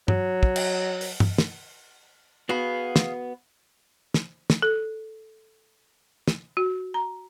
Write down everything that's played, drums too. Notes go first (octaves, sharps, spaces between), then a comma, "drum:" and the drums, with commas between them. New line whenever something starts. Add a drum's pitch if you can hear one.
F#3, drum: tom
drum: kick
drum: cymbal
drum: open hi-hat
drum: tom
drum: snare
B3 F#4 G#4 F5 B5
drum: snare
drum: snare
drum: snare
A4
drum: snare
F#4
A#5